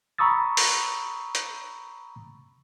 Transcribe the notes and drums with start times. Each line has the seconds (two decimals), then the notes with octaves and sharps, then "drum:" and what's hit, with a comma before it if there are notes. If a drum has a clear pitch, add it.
0.18 A#5 B5 C#6 D#6 E6 A6
0.57 drum: open hi-hat
1.35 drum: hi-hat